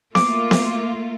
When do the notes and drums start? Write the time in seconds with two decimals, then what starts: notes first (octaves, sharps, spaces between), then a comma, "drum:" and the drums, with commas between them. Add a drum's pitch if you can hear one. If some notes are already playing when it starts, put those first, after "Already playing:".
0.15 A3 A#3 F4 D6, drum: snare B3
0.51 drum: snare B3